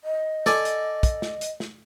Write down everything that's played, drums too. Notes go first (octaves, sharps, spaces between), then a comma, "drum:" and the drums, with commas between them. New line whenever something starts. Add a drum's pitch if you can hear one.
D#5
A4 D5 G#5, drum: snare
drum: hi-hat
drum: kick, hi-hat
drum: snare
drum: hi-hat
drum: snare